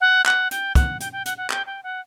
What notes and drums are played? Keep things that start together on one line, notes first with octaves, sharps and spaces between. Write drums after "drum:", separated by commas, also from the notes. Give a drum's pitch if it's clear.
F#5
F#5, drum: clap
G5, drum: hi-hat
F#5, drum: kick, hi-hat
G5, drum: hi-hat
G5
F#5, drum: hi-hat
F#5
G5, drum: clap
G5
F#5